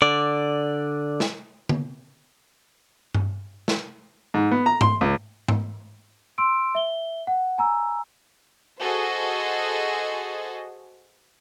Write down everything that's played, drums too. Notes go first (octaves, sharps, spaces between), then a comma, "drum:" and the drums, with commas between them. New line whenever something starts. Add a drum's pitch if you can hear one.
D3 D5
drum: snare
drum: tom D3
drum: tom G2
drum: snare
G#2
B3
A#5
C6, drum: tom G#2
C#2
drum: tom G#2
C6 D6 E6 D7
E5 G7
F#5
G#5 A#5 E6
F#4 G#4 A4 C5 D#5